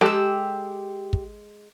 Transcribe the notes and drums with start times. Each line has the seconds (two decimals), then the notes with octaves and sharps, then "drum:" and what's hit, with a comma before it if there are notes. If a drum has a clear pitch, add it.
0.01 G#3 G4 A4 A5 E6, drum: snare
1.13 drum: kick